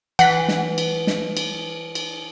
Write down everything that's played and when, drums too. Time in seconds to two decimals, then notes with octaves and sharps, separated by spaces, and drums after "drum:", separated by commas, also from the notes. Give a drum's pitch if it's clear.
0.19 E3 F#5 B6, drum: cymbal
0.48 drum: snare
0.78 drum: cymbal
1.07 drum: snare
1.37 drum: cymbal
1.95 drum: cymbal